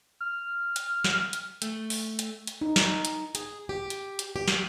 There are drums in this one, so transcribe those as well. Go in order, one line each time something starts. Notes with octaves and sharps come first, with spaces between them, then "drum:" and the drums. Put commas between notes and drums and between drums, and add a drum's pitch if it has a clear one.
F6
drum: hi-hat
drum: snare
drum: hi-hat
A3, drum: hi-hat
drum: open hi-hat
drum: hi-hat
drum: hi-hat
D#4
drum: snare
drum: hi-hat
G#4, drum: hi-hat
G4
drum: hi-hat
drum: hi-hat
G4
drum: snare